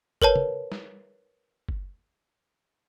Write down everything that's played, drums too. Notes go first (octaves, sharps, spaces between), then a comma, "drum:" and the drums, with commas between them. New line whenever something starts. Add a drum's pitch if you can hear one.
A#4 B4 C#5 A5, drum: kick F#1
drum: tom
drum: snare
drum: kick F#1